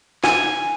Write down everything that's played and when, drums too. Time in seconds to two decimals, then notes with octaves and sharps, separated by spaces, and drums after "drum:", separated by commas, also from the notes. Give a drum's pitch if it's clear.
0.24 G#5, drum: snare